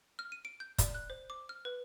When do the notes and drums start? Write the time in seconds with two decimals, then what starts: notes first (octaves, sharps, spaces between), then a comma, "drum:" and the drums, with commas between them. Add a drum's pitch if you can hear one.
0.19 F6
0.32 D#7
0.45 D7
0.60 G6
0.78 D5, drum: kick, hi-hat
0.94 F#6
1.10 C5
1.30 D6
1.49 F6
1.65 B4